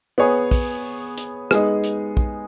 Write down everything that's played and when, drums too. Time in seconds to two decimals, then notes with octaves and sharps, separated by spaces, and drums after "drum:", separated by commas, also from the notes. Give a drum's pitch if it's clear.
0.18 B3 G#4 C#5
0.51 drum: kick, open hi-hat
1.18 drum: hi-hat
1.51 G#3 B3 D#4 G#4, drum: rim click
1.84 drum: hi-hat
2.17 drum: kick